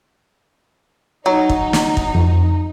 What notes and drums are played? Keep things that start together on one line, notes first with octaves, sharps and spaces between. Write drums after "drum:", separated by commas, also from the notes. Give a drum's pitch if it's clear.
F#3 D#4
drum: kick
drum: snare
drum: kick
F2